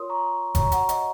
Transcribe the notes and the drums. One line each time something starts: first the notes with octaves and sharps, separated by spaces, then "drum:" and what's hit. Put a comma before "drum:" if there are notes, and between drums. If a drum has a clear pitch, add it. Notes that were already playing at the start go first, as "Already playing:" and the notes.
Already playing: F4 A#4 C#5 C6 D#6
A#5 C#6
F#4 C#5 A#5 C#6, drum: kick F#1, hi-hat
F#5 A#5, drum: hi-hat
D#5, drum: hi-hat